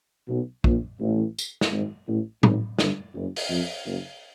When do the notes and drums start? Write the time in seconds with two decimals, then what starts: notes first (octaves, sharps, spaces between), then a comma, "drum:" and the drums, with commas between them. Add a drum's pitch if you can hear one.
0.29 B1 B2
0.64 A#1 A#2, drum: kick
1.00 A1 A2
1.38 drum: tambourine
1.61 drum: snare
1.71 G#1 G#2
2.07 A1 A2
2.43 G#1 G#2, drum: tom A2
2.79 G1 G2, drum: snare
3.14 F#1 F#2
3.36 drum: open hi-hat
3.50 F2
3.86 F#1 F#2